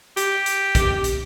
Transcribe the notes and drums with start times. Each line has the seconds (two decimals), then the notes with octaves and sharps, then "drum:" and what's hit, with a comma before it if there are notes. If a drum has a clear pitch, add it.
0.17 G4, drum: hi-hat
0.46 drum: hi-hat
0.75 drum: kick A1, hi-hat
1.04 drum: hi-hat